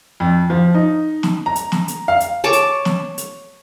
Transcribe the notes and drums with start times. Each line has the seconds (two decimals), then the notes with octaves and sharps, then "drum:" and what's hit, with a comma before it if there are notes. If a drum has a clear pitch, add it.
0.20 F2
0.50 F3
0.74 D#4
1.23 drum: snare
1.46 A#5
1.56 drum: hi-hat
1.72 drum: snare
1.88 drum: hi-hat
2.08 F5
2.20 drum: hi-hat
2.44 C#5 A5 C#6 D6
2.53 drum: hi-hat
2.85 drum: snare
3.18 drum: hi-hat